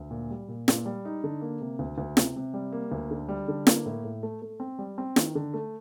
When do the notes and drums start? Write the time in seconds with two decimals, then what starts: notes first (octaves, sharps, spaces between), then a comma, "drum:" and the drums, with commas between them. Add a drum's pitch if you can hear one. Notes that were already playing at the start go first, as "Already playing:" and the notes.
Already playing: D2
0.11 A#2
0.30 G3
0.48 A#2
0.68 A#2, drum: snare
0.86 G3
1.05 D#4
1.24 D3
1.41 A#3
1.61 C3
1.79 D2
1.98 D2
2.17 C3, drum: snare
2.36 C3
2.54 G3
2.72 A#3
2.92 D2
3.11 D3
3.28 G3
3.48 D3
3.67 A#3, drum: snare
3.86 A2
4.04 A2
4.23 A3
4.42 A3
4.60 C4
4.79 G3
4.98 C4
5.16 D#3, drum: snare
5.35 D3
5.54 A3